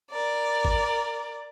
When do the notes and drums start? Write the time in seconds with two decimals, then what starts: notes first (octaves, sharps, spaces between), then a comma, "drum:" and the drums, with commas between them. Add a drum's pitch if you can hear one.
0.11 A#4 D5
0.65 drum: kick G#1